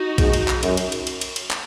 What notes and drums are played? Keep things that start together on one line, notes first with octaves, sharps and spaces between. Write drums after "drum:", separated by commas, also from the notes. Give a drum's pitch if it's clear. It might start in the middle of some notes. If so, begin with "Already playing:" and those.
Already playing: D#4 F#4
G#2, drum: kick A#1, cymbal
drum: cymbal
drum: clap
F#2, drum: cymbal
drum: cymbal
drum: cymbal
drum: cymbal
drum: cymbal
drum: cymbal
drum: clap